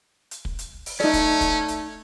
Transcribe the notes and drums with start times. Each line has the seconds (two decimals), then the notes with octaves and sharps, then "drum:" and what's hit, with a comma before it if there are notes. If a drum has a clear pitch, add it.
0.31 drum: hi-hat
0.45 drum: kick
0.59 drum: hi-hat
0.86 drum: open hi-hat
1.00 A3 C#4 D#4 D5
1.13 drum: kick, hi-hat
1.41 drum: kick, hi-hat
1.68 drum: hi-hat